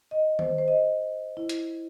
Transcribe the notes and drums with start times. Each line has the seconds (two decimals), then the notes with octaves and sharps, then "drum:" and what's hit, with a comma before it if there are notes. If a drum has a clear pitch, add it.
0.11 D#5
0.39 C5, drum: tom D#3
0.58 C5
0.68 D#5
1.37 E4
1.49 drum: hi-hat